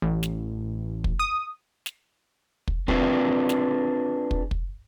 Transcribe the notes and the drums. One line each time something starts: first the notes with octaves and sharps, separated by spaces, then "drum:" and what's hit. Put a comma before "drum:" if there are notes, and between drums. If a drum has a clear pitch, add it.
A1
drum: snare
drum: kick
D#6
drum: snare
drum: kick
C4 D4 F4 G#4 A#4 B4, drum: kick
drum: snare
drum: kick
drum: kick